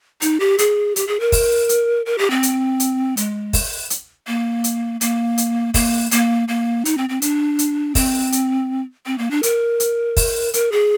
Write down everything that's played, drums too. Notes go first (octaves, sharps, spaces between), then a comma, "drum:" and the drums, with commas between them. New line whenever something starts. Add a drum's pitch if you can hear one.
D#4, drum: hi-hat
G4
G#4, drum: hi-hat
G4, drum: hi-hat
G#4
A#4
drum: kick, open hi-hat
drum: hi-hat
A#4
G4
C4
drum: hi-hat
drum: hi-hat
G#3, drum: hi-hat
drum: kick, open hi-hat
drum: hi-hat
A#3
drum: hi-hat
A#3, drum: hi-hat
drum: hi-hat
A#3, drum: kick, open hi-hat
A#3, drum: hi-hat
A#3
D#4, drum: hi-hat
C4
C4
D4, drum: hi-hat
drum: hi-hat
C4, drum: kick, open hi-hat
drum: hi-hat
C4
A#3
D4
A#4, drum: hi-hat
drum: hi-hat
drum: kick, open hi-hat
A#4, drum: hi-hat
G#4